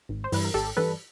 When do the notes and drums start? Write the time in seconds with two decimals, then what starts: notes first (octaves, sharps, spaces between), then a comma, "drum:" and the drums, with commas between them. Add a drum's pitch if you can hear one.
0.09 G#1
0.24 C5
0.32 G2 E3 G3 B4, drum: open hi-hat
0.44 A#4
0.54 G#1 G4 A4
0.77 G2 E3 G3 A4 B4